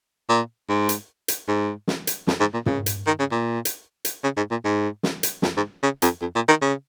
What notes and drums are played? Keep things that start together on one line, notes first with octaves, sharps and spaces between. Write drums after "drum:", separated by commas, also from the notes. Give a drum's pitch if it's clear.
A#2
G#2
drum: hi-hat
drum: hi-hat
G#2
drum: snare
drum: hi-hat
F2, drum: snare
G#2
A#2
C#3, drum: tom
drum: hi-hat
D#3
C#3
A#2
drum: hi-hat
drum: hi-hat
C#3
G#2
A#2
G#2
drum: snare
drum: hi-hat
F2, drum: snare
G#2
C#3
F2, drum: hi-hat
F2
A#2
D#3
C#3